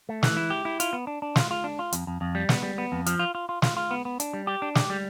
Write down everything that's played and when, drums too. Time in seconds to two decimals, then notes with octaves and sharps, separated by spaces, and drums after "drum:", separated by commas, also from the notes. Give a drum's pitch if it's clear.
0.09 A3
0.23 E3, drum: snare
0.37 E4
0.50 G4
0.65 E4
0.80 F4, drum: hi-hat
0.93 B3
1.07 D4
1.22 D4
1.36 F4, drum: snare
1.51 F4
1.64 D4
1.79 F4
1.93 F2, drum: hi-hat
2.07 F2
2.21 F2
2.35 G3
2.49 B3, drum: snare
2.63 G3
2.78 B3
2.92 F2
3.06 F3, drum: hi-hat
3.19 F4
3.35 F4
3.49 F4
3.62 F4, drum: snare
3.77 F4
3.91 B3
4.05 B3
4.20 D4, drum: hi-hat
4.34 G3
4.47 G4
4.62 D4
4.75 G4, drum: snare
4.90 G3